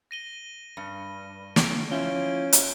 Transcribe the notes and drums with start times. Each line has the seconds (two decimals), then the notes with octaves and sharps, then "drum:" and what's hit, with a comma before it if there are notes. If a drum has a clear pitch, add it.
0.11 A#6 D#7 G7
0.77 G2
1.56 D7, drum: snare
1.91 F3 C#4 E4 F4 G6 G7
2.53 drum: hi-hat